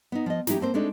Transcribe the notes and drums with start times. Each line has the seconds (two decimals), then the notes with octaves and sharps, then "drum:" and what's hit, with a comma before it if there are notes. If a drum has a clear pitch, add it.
0.12 B3 D#4
0.26 F3 D#5
0.47 E3 F#3 D#4 E4 G4, drum: snare
0.60 A3 A#3 C4 C5
0.74 G#3 A3 C4 D4 D#4 A4